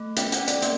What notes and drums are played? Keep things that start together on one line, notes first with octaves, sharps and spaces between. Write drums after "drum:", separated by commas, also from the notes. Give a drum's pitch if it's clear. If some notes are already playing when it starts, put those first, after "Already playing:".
Already playing: A3
C#4 G5, drum: hi-hat
F#5, drum: hi-hat
C#4
D5, drum: hi-hat
A#3, drum: hi-hat